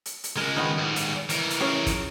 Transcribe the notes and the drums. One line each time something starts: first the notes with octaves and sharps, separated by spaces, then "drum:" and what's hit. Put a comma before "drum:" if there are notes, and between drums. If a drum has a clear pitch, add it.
drum: hi-hat
drum: hi-hat
C#2 G#3 A#4
D#3 B3 D#4
G#2 G3
drum: hi-hat
E3 A#4, drum: hi-hat
drum: hi-hat
C#4 G#4 C#5
drum: kick, hi-hat